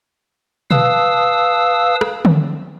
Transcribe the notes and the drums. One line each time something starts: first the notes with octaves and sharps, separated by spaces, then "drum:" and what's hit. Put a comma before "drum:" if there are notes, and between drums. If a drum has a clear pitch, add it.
B4 F5 A5 D#6 E6, drum: tom B2
drum: rim click
drum: tom D3